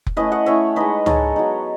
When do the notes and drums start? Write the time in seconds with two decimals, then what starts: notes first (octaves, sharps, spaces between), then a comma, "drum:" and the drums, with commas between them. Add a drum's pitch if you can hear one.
0.06 drum: kick F1
0.17 A3 C#4 E4 B4 D#5
0.32 D#5 F#5
0.46 A3 C#4 E4 C#5 E5
0.76 G#3 D#4 B4 D#5
1.06 G#3 D#4 A4 C#5, drum: tom C#2
1.36 F#3 B3 D#4